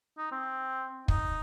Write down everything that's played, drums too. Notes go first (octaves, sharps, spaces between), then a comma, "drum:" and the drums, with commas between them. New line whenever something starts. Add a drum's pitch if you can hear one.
D#4
C4
D#4, drum: kick